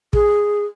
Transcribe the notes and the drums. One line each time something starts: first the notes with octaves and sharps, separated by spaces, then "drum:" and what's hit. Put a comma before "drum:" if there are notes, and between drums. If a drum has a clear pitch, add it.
G#4, drum: kick